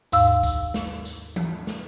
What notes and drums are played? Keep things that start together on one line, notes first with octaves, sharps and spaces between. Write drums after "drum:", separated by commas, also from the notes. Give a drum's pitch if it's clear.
D#2 G#2 F5 E6, drum: tambourine
drum: kick, tambourine
drum: snare
drum: tambourine
drum: tom E3
drum: snare